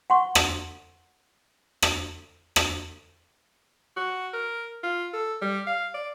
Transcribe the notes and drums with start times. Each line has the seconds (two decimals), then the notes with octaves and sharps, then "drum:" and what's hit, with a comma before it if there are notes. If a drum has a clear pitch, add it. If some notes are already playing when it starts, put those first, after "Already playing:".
0.10 F#5 C6 C#6
0.35 drum: rim click
1.82 drum: rim click
2.56 drum: rim click
3.97 F#4
4.34 A#4
4.83 F4
5.14 A4
5.42 G3
5.67 F5
5.94 D5